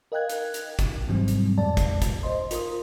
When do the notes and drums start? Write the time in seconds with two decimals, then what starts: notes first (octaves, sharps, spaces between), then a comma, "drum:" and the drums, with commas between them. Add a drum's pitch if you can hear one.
0.12 A#4 D#5 F5 G5 F#6 G#6
0.30 drum: hi-hat
0.54 drum: hi-hat
0.79 drum: kick, hi-hat
1.08 G#2 C3 E3 F#3 G3 C4
1.28 drum: hi-hat
1.58 F2 A2 G#3 D5 A5
1.77 drum: kick, hi-hat
2.02 drum: kick, hi-hat
2.23 C5 D#5 C6
2.51 F4 A#4 C6 D#6, drum: hi-hat